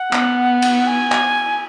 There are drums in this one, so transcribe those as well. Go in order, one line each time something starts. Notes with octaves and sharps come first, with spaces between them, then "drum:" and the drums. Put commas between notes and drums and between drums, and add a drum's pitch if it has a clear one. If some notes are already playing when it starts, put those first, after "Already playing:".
Already playing: F#5
B3, drum: clap
drum: cymbal
G#5
drum: clap